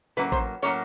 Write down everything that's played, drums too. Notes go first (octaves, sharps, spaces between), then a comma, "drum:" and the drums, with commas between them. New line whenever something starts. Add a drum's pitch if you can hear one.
A2 F#3 A#3 C#4 B4
C5, drum: kick A1
A2 F#3 A#3 C#4 C#5